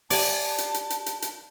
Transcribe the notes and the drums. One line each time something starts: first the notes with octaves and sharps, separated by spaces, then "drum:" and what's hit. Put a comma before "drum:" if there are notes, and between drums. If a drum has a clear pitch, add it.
G4 D5 G#5 A5, drum: open hi-hat
drum: hi-hat
drum: hi-hat
drum: hi-hat
drum: hi-hat
drum: hi-hat